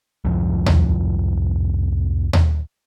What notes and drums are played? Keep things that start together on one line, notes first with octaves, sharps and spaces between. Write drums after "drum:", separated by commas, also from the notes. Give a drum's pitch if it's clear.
C2 F2 G#2 F3
drum: tom D#2
drum: tom D#2